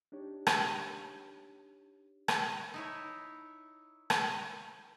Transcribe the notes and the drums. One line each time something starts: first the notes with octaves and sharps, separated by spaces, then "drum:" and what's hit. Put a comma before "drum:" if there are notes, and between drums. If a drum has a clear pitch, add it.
D4 D#4 G4 C#5
drum: rim click
drum: rim click
D#4 E4 C#5
drum: rim click